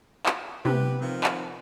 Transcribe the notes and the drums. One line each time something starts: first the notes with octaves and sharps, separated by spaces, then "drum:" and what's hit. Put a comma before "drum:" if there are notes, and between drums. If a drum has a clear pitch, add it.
drum: clap
C3 B3 G4 B4, drum: tom
D#3 F3 C4
drum: clap